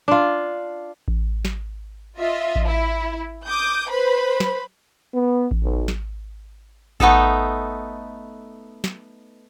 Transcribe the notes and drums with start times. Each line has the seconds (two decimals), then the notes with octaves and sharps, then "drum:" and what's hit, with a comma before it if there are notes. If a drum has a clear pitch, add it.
0.08 D4 F4
1.08 drum: kick A1
1.45 drum: snare
2.19 F4 D#5 E5
2.56 drum: kick A1
2.66 E4
3.45 D6 D#6 G6
3.90 B4 C5 B5
4.40 drum: snare
5.13 B3
5.51 drum: kick A1
5.63 B1
5.88 drum: snare
7.00 A3 B3 D#4 A4, drum: kick A1
8.84 drum: snare